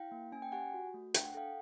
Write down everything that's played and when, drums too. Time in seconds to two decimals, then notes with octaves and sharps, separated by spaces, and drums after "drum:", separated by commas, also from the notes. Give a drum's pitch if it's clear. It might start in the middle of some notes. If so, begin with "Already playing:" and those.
Already playing: E4 F5 G5
0.11 A#3
0.32 C#4 G#5
0.42 G5
0.52 G4 F#5 G#5
0.74 F#4
0.94 A3
1.14 D4 G5, drum: hi-hat
1.25 F#5
1.34 A4 F5 G5